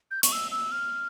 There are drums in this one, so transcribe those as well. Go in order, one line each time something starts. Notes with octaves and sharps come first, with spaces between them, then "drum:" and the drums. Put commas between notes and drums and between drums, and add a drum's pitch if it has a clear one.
G6
C#6, drum: hi-hat
E6
E6
F6